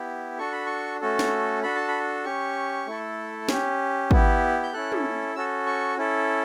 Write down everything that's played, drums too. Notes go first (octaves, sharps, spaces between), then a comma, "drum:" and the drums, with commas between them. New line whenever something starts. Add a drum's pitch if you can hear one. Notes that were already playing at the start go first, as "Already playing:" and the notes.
Already playing: B3 E4 G4
D4 F#4 A4 C#6
B5
C#6
A3 C#4 F#4 A4
drum: snare
D4 F#4 A4 B5
A5
B5
C#4 G4 C#6
A3 E4 A4
C#4 G4, drum: snare
B3 E4 G4, drum: kick
G6
C#4 E4 A4 F#6
drum: tom
C#4 F#4 A4 E6
C#6
C#4 E4 A4